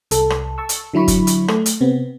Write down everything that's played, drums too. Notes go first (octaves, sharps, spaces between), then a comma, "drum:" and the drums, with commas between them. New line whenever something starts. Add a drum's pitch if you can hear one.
C2 A4, drum: hi-hat
drum: rim click
A5 C#6 E6
drum: hi-hat
D3 F#3 E4 B5 C#6
drum: kick, hi-hat
drum: hi-hat
A3, drum: rim click
drum: hi-hat
C3 B3 C4